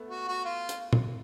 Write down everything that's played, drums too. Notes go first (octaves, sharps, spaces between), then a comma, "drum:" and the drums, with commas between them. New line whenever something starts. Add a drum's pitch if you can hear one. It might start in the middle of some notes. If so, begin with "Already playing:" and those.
Already playing: A3 B3
F#4
F#4
F4
drum: hi-hat
drum: tom